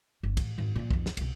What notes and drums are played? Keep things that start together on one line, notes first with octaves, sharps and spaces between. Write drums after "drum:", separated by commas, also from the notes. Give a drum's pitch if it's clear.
G1
A1 D#3, drum: kick, cymbal
G#1 F#2
A#2 F3
B1 F2, drum: kick
drum: snare
C2 B2, drum: cymbal